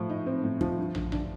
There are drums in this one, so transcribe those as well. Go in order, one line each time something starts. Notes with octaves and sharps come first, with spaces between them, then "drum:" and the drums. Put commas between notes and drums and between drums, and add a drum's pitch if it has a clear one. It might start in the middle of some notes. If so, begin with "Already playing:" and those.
Already playing: A2 F3
D#4
C4
A2
F3, drum: kick
G2
D3, drum: tom
D4, drum: tom